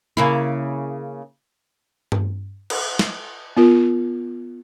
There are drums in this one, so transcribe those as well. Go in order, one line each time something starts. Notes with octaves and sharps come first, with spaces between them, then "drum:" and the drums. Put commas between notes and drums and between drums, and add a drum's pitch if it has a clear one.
C#3 A#3 E4
drum: tom G2
drum: cymbal
drum: snare
B3 F4 A#4